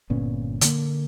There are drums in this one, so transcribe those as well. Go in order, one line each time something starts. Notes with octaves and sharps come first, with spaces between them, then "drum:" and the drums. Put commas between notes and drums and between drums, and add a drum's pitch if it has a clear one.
G1 A#2 B3 C#4
D3 A#3, drum: hi-hat